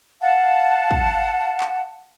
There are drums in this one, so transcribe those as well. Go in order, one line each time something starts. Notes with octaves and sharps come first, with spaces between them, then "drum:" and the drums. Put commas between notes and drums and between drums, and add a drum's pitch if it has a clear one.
F5 F#5 A5
drum: kick
drum: clap